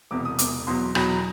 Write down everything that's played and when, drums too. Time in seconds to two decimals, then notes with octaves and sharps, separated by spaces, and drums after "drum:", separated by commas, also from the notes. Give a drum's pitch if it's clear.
0.11 E1 E2 C3 D6
0.25 D#6
0.39 E1 E2 C3 D6, drum: hi-hat
0.67 E2 B2 F#3 C6
0.95 E2 B2 F#3 B5, drum: rim click
1.09 A#5